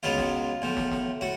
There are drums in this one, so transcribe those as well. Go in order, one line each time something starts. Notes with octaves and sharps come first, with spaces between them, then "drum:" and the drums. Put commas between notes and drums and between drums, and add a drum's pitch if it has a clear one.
C#2 B2 F#3 B3 F4
drum: snare
B1 A2 F3
drum: snare
drum: snare
A2 F#4